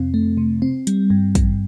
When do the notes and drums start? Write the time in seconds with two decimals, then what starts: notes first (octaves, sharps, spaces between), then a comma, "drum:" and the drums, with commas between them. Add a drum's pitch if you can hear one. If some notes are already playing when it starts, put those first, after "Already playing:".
Already playing: F2 C3 C4
0.14 A3
0.37 C3
0.62 C4
0.87 G3, drum: hi-hat
1.10 G2
1.35 G2, drum: kick, hi-hat